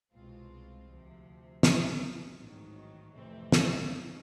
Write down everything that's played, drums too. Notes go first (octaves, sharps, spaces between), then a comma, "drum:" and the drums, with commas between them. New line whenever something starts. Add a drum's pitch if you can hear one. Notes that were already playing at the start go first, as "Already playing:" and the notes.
C2 B2 G#3 C4 F4
D2 C3 F3
B2 F#3 A#3, drum: snare
A1 G#2 D#3 F#3
F2 C3 E3 A3 C4
drum: snare
G2 D#3 G#3 C#4